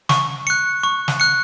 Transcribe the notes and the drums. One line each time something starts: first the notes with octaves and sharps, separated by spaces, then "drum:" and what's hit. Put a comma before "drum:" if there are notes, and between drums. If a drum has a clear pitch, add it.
C#6, drum: snare
F#6 C#7
C#6
drum: snare
F#6 C#7